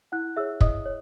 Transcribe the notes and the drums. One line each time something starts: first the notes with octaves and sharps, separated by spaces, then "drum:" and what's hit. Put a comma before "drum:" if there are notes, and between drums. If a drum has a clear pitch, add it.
E4 F#5 F#6
G#4 C#5 E5 E6
E4 D#5 D#6, drum: kick
C#5